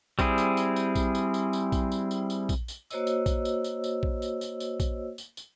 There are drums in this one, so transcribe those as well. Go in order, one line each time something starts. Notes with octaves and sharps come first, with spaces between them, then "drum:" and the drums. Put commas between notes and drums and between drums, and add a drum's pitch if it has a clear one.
G3 C4 E4 G#4, drum: kick A#1, tambourine
drum: tambourine
drum: tambourine
drum: tambourine
drum: kick A#1, tambourine
drum: tambourine
drum: tambourine
drum: tambourine
drum: kick A#1, tambourine
drum: tambourine
drum: tambourine
drum: tambourine
drum: kick A#1, tambourine
drum: tambourine
A#3 F#4 C5 C#5 D#5 E6, drum: tambourine
drum: tambourine
drum: kick A#1, tambourine
drum: tambourine
drum: tambourine
drum: tambourine
drum: kick A#1
drum: tambourine
drum: tambourine
drum: tambourine
drum: kick A#1, tambourine
drum: tambourine
drum: tambourine